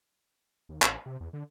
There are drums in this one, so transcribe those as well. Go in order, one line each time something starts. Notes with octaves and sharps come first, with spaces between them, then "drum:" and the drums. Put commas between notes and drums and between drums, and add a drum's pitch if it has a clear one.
D#2
A1, drum: clap
C3
E2
D3